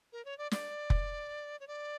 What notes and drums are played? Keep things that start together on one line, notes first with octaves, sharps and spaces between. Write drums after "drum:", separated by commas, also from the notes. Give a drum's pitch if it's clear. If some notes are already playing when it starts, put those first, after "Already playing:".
A#4
C#5
D5
D5, drum: snare
drum: kick F1
C#5
D5